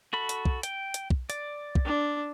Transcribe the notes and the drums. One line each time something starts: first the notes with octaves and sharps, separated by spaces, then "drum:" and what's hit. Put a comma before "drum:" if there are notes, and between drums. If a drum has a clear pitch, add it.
F#4 A4 B5
drum: hi-hat
drum: kick
G5, drum: hi-hat
drum: hi-hat
drum: kick
D5, drum: hi-hat
drum: kick
D4